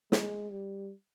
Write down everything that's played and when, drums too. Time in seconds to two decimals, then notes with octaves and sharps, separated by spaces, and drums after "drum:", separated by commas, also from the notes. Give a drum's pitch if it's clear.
0.12 G#3, drum: snare
0.50 G3